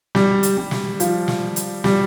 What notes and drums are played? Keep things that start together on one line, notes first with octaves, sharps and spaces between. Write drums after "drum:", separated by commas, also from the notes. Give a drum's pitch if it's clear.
G3, drum: snare
drum: hi-hat
G3
drum: snare
F3, drum: hi-hat
drum: snare
drum: hi-hat
G3, drum: snare